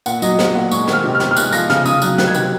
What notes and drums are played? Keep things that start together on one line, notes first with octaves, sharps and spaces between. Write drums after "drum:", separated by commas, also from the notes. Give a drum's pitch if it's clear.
A#2 F#5, drum: tambourine
F#3 D#5, drum: tambourine
F#3, drum: snare
A#2 F#5
G#3 C#6, drum: tambourine
D#3, drum: snare
F6
C3
F6
C3, drum: snare
F6
G#3 F#6, drum: tambourine
F3 A#6, drum: tambourine
C#3 F6, drum: snare
C#3 D#6, drum: tambourine
F#3 F#6, drum: tambourine
D#3 F#6, drum: snare
G#6
C3 F#6, drum: tambourine